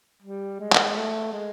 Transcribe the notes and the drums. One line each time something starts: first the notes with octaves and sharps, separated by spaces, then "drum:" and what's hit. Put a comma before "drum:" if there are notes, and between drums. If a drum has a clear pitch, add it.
G3
G#3
drum: clap
A3
G#3